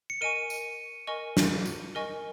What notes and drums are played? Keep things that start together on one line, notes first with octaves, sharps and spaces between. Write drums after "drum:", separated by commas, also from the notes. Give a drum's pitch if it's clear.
C#7
A#4 D#5 G#5 C#6 D#7
drum: tambourine
A#4 D#5 G#5 C#6
drum: snare
drum: tambourine
A#4 D#5 G#5 C#6